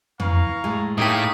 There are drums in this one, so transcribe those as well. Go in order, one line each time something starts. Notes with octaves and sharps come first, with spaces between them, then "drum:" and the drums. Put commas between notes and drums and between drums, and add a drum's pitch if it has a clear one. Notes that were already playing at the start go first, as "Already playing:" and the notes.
E3 F5 A#5 C#6, drum: tom
A2 G#3
A2 A3 A#3 D#4 G#4 G5 D#6 B6